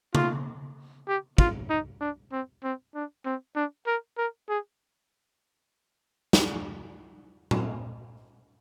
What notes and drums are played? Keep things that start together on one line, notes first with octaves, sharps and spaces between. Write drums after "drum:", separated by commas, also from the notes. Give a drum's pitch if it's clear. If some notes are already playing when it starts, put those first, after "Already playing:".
F4, drum: tom C#3
G4
F4, drum: kick
D#4
D4
C4
C4
D4
C4
D4
A#4
A#4
G#4
drum: snare
drum: tom A#2